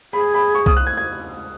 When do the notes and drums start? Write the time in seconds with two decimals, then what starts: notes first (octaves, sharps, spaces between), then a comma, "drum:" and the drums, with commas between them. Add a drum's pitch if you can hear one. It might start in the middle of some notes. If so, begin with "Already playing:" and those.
0.13 G#4 B5
0.34 B5
0.55 C#6
0.66 D#6, drum: kick C2
0.76 F#6
0.86 G#6
0.97 G#6